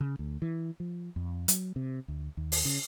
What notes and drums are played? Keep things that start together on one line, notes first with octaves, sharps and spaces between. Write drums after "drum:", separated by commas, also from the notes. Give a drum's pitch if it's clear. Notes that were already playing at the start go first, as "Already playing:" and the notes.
C#3
D2
E3
F3
F2
F#3, drum: hi-hat
C3
D2
D#2
drum: open hi-hat
C#3